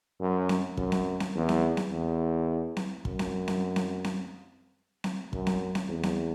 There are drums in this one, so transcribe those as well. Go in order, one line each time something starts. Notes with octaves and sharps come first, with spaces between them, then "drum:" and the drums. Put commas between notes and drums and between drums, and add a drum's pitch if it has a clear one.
F#2
drum: snare C4
F#2, drum: kick
drum: snare C4
drum: snare C4
E2
drum: snare C4
drum: snare C4
E2
drum: snare C4
F#2, drum: kick
drum: snare C4
drum: snare C4
drum: snare C4
drum: snare C4
drum: snare C4
F#2, drum: kick
drum: snare C4
drum: snare C4
E2
drum: snare C4